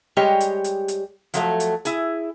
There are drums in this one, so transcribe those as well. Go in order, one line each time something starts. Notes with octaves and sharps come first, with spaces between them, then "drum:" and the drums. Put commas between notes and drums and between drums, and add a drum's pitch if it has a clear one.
G3 G#3 G4 C#5 D#5
drum: hi-hat
drum: hi-hat
drum: hi-hat
F3 F#3 A3, drum: hi-hat
drum: hi-hat
E4 G#4, drum: hi-hat